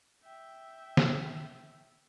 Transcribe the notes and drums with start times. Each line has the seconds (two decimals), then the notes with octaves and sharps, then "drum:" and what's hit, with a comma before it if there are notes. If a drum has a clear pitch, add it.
0.23 E5 G5
0.97 drum: snare